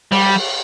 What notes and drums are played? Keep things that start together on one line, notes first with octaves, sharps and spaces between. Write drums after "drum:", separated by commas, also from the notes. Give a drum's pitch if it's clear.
G3, drum: cymbal